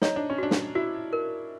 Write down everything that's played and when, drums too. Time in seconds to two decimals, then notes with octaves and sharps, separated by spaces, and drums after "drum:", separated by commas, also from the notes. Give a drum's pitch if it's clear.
0.02 D#4 C#5, drum: snare
0.16 D4
0.30 C#4
0.38 D4 F#4
0.51 drum: snare
0.75 E4 F#4
1.13 A#4